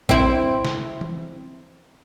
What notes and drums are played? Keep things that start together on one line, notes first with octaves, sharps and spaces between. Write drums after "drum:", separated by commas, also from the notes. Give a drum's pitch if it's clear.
C4 E4, drum: kick A#1
drum: snare
drum: tom E3